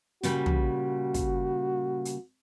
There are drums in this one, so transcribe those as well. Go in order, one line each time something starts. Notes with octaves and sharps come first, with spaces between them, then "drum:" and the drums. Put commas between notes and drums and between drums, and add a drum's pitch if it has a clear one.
A#2 C#3 G3 F#4, drum: hi-hat
drum: tom
drum: kick, hi-hat
drum: hi-hat